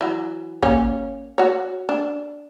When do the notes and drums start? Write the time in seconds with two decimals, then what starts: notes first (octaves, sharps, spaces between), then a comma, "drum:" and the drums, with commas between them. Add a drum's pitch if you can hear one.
0.01 E3 F#3
0.62 A#3 C#4 C#5, drum: kick
1.38 F#4 C#5
1.89 D4